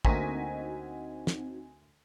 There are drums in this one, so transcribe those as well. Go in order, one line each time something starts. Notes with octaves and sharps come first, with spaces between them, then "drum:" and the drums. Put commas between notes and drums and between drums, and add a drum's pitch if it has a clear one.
D2 A#3 C4 D#4 F#4 G#5 A#6 B6, drum: kick
drum: snare